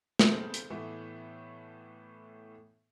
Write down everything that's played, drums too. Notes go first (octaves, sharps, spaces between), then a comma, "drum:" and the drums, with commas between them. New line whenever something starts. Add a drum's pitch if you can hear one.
C#3 B3 C4 A4 C5, drum: snare
drum: hi-hat
A2 E3 A3 B3